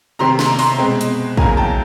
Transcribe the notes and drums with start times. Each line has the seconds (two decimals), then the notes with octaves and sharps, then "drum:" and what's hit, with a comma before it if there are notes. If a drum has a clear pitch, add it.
0.19 C3 D#3 G3 C4 A#5 C6
0.39 A#5 C6, drum: snare
0.59 A#5 C6, drum: open hi-hat
0.78 B2 G#3 C4
1.01 drum: hi-hat
1.37 E2 C#3 F#3 A#3 G#5 A#5, drum: kick
1.57 G5 A5